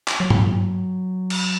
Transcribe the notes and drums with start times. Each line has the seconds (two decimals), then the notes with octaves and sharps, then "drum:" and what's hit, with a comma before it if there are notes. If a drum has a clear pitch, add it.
0.08 drum: clap
0.20 F#3
0.30 drum: tom G2
1.30 drum: cymbal